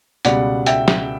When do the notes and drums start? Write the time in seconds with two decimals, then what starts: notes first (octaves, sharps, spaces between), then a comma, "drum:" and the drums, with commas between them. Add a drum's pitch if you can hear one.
0.25 C#2 B2 G3 D5 F#5, drum: hi-hat
0.66 E5 G5, drum: hi-hat
0.88 drum: snare